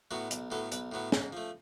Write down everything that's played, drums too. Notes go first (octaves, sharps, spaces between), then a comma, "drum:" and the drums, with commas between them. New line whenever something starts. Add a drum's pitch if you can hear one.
A2 F#3 B3 F#4
B1, drum: hi-hat
A2 F#3 B3 A4
B1 B4, drum: hi-hat
A2 F#3 B3
G#2, drum: snare
F3 A3